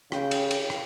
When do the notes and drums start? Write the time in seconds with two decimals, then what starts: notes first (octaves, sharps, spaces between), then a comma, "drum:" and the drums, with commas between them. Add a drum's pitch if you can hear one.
0.12 C#3 G5, drum: rim click
0.31 drum: cymbal
0.51 drum: cymbal
0.70 drum: rim click